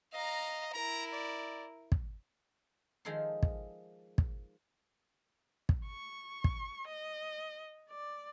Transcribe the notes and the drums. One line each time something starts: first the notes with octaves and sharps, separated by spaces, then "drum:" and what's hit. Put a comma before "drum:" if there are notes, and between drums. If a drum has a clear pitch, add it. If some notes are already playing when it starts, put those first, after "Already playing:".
D#5 F5 A#5
E4 A#4 A#5
D5
drum: kick
D#3 F3 G#3 G#4 A4 C6
drum: kick
drum: kick
drum: kick
C#6
drum: kick
D#5
D5